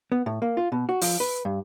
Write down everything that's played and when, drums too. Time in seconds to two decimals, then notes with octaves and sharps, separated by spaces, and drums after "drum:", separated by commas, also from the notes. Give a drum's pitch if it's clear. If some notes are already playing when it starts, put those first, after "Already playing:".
0.12 B3
0.26 A2
0.42 A#3
0.57 F4
0.72 B2
0.89 F#4
1.02 F3, drum: open hi-hat
1.20 B4
1.45 G2